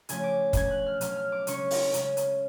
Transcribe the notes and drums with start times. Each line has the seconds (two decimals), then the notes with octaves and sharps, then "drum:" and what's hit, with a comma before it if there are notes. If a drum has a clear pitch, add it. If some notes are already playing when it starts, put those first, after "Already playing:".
0.09 C#3 F3 A3 C#4 G#5, drum: hi-hat
0.24 D6
0.53 B2 F#3 C#4 G#6, drum: kick, hi-hat
0.70 F#6
0.86 F6
1.01 B2 F#3 C#4 F6, drum: hi-hat
1.17 F6
1.32 D6
1.47 C#3 G#3 C#4 C#6, drum: hi-hat
1.71 drum: open hi-hat
1.94 C#3 G#3 C#4, drum: hi-hat
2.17 drum: hi-hat